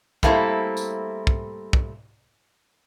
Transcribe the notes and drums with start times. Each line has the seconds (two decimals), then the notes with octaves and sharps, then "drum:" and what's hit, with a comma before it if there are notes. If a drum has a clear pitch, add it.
0.23 G3 A3 A#3 C4 E4, drum: kick
0.77 drum: tambourine
1.27 drum: kick
1.73 drum: kick